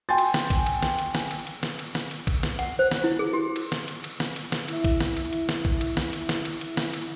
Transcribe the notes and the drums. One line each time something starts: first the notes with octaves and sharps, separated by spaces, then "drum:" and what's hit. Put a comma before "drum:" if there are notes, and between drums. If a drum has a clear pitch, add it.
G5 G#5 C6 A6
drum: cymbal
drum: snare
drum: kick, cymbal
drum: cymbal
drum: snare
drum: cymbal
drum: snare
drum: cymbal
drum: cymbal
drum: snare
drum: cymbal
drum: snare
drum: cymbal
drum: kick, cymbal
drum: snare
F#5, drum: cymbal
C5
drum: snare
E4
G#4
G4
drum: cymbal
drum: snare
drum: cymbal
drum: cymbal
drum: snare
drum: cymbal
drum: snare
E4 E5, drum: cymbal
drum: kick, cymbal
drum: snare
drum: cymbal
drum: cymbal
drum: snare
drum: kick
drum: cymbal
drum: snare
drum: cymbal
drum: snare
drum: cymbal
drum: cymbal
drum: snare
drum: cymbal